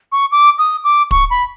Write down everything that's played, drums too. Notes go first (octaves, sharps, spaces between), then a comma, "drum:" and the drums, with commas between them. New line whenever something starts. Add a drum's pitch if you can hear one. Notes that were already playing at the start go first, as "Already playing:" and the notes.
C#6
D6
D#6
D6
C#6, drum: kick
B5